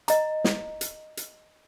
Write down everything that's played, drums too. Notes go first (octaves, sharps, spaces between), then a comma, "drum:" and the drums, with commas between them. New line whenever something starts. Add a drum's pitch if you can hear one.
D#5 A#5, drum: hi-hat
drum: snare
drum: hi-hat
drum: hi-hat